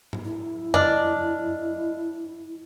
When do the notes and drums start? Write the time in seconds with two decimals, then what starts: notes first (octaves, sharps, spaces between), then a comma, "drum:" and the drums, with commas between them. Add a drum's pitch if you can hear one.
0.13 drum: tom G#2
0.25 E4
0.74 D4 D#5 F6, drum: tom F2